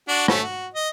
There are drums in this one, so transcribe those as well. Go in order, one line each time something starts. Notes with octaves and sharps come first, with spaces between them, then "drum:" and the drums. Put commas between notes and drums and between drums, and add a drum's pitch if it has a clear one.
D4 F#4
A3 C#4, drum: rim click
F#4
D#5